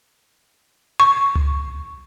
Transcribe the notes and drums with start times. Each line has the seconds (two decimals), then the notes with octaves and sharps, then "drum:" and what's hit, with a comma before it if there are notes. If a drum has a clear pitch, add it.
1.00 C#6
1.35 drum: tom C#2